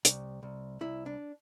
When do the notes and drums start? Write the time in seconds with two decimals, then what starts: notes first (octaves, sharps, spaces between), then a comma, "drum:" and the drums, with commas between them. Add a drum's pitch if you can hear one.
0.05 C2, drum: hi-hat
0.43 C2
0.81 C2 E4
1.06 D4